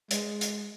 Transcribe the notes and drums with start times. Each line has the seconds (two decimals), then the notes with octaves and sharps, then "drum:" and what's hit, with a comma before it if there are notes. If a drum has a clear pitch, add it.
0.11 G#3, drum: hi-hat
0.41 drum: hi-hat